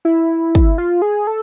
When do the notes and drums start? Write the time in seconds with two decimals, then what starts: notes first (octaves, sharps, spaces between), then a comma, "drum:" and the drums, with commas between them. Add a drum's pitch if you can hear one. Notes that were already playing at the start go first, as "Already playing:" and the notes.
0.05 E4
0.55 drum: kick
0.78 F4
1.02 G#4
1.27 A4